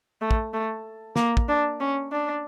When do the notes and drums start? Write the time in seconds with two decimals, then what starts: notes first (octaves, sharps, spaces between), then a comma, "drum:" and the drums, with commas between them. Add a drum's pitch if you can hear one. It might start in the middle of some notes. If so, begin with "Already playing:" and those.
0.21 A3
0.31 drum: kick
0.53 A3
1.16 A#3, drum: snare
1.37 drum: kick
1.48 D4
1.80 C#4
2.11 D4